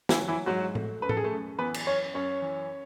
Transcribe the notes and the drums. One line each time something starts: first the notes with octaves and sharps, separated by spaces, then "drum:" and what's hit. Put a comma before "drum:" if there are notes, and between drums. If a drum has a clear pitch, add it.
E3 E4, drum: snare
F#3
E3 E4
G#2 F#3 F#4
A3, drum: tom A2
F#2 B4
A4, drum: tom A2
G#4
A3 A4
F#2
E3 B3 B4
drum: cymbal
F#2 C#4 C#5
F#2 C#4 C#5
E3